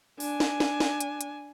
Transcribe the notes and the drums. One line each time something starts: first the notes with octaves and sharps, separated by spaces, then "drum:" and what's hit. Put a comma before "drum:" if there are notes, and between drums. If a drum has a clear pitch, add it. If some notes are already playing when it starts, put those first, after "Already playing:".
D4 G#5, drum: open hi-hat
drum: snare
drum: snare
drum: snare
drum: hi-hat
drum: hi-hat